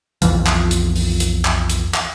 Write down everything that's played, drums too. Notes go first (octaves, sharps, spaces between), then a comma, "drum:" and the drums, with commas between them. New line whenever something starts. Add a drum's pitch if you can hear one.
B1 F2 E3 F3, drum: hi-hat
drum: clap
drum: hi-hat
drum: open hi-hat
drum: hi-hat
drum: clap
drum: hi-hat
drum: clap